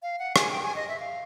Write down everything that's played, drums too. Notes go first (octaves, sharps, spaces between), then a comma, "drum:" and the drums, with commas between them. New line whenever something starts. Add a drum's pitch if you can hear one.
F5
F#5
G#5, drum: rim click
G5
G#5
D#5
E5
F5